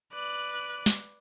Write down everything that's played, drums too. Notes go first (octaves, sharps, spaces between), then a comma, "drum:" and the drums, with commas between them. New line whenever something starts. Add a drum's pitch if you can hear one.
B4 D5
drum: snare